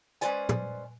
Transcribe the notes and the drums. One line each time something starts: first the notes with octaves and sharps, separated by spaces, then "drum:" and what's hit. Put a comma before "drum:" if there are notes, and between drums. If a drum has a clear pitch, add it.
G#3 C#4 B4 C5 D5 G#5, drum: hi-hat
drum: tom